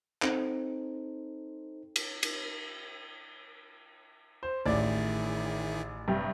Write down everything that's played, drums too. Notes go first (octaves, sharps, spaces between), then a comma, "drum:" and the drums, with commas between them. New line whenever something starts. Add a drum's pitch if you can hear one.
C4 D#4 A4 C5, drum: clap
drum: cymbal
drum: cymbal
C5
A1 D#3 E4 G#4 D5
G2 C3 G4